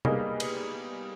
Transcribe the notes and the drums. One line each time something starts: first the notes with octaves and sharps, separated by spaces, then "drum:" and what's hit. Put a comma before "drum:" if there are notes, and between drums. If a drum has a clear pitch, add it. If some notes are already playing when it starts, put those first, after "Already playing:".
G3 G#3 A#3 B3 D#4 G#4, drum: tom
drum: cymbal